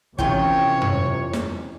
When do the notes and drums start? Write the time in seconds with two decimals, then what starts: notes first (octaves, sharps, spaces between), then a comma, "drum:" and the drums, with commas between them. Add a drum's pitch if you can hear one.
0.19 C3 D#3 E3 C#4 F4 C#5 G5, drum: kick
0.82 drum: tom
1.33 drum: snare